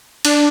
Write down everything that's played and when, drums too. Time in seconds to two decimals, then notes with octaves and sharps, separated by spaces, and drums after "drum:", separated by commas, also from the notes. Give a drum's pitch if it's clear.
0.25 D4, drum: cymbal